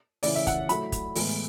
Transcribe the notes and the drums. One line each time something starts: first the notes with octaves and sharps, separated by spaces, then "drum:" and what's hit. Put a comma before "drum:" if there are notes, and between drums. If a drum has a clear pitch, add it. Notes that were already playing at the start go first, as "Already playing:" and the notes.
C#3 E3 A3 E4 D5, drum: open hi-hat
E5
F#5, drum: kick, hi-hat
F#3 A3 E4 B5, drum: hi-hat
drum: kick, hi-hat
A2 E3 G#3 B3, drum: open hi-hat